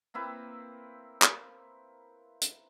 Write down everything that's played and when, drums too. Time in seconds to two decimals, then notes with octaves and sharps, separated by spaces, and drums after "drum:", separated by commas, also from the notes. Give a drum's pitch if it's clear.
0.14 A#3 C4 E4 B4
1.22 drum: clap
2.42 drum: hi-hat